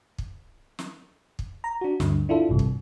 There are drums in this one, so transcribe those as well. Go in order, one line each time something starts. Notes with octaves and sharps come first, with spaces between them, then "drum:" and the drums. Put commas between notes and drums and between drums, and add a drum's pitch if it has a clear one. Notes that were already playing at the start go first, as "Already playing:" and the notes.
drum: kick
drum: snare
drum: kick
A#5
D4 F#4
D2 G2 D3, drum: snare
D4 E4 F4 A4
A1 G2 C3
drum: kick